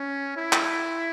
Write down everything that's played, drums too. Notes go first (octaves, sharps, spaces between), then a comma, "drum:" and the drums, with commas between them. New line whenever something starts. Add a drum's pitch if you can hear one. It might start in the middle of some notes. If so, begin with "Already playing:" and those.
Already playing: C#4
E4
drum: clap